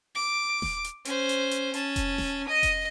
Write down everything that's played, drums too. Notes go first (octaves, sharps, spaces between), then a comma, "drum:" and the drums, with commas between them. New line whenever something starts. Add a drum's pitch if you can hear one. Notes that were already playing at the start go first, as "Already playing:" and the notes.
D6
drum: snare D#1
drum: hi-hat
C#4 C5, drum: hi-hat
drum: hi-hat
drum: hi-hat
C#4 A5, drum: hi-hat
drum: kick F1, hi-hat
drum: snare D#1
D#5 D#6
drum: kick F1, hi-hat